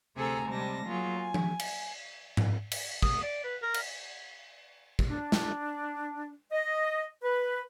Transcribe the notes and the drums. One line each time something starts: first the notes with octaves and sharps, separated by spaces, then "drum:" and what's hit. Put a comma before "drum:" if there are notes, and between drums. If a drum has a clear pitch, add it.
D2 C3 G#4 A4 G#5 A#5
C3 G3 G#3 A5 A#6
F#3 A#3 F4 G#4
G#5
drum: tom F3
drum: cymbal
drum: tom G#2
drum: cymbal
D#6, drum: kick
D5
B4
A#4
drum: cymbal
drum: kick
D4
drum: snare
D#5
B4